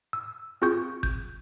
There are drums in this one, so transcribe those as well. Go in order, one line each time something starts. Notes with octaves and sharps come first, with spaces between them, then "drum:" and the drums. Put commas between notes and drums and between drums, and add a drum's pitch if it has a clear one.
E6
C4 F4 G#4 C#6 G6
G6, drum: kick G#1